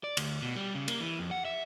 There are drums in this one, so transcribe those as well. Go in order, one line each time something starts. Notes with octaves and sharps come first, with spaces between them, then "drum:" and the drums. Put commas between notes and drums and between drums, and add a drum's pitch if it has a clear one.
D5
D2, drum: cymbal
B2
G3
C#3
A#3, drum: cymbal
E3
F2
F#5
E5